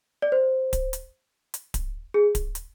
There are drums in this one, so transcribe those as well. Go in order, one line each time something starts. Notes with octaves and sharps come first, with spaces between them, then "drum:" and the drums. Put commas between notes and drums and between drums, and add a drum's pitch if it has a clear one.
D5
C5
drum: kick D1, hi-hat
drum: hi-hat
drum: hi-hat
drum: kick D1, hi-hat
G#4
drum: kick D1, hi-hat
drum: hi-hat